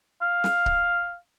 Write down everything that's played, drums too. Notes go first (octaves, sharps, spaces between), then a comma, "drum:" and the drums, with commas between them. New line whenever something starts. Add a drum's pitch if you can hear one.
F5
drum: snare
drum: kick C#1